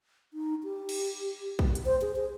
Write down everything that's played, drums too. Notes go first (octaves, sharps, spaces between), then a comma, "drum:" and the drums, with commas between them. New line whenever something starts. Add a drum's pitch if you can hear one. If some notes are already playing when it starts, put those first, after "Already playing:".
D#4
G4
drum: cymbal
drum: kick
drum: hi-hat
C5
G#4
G#4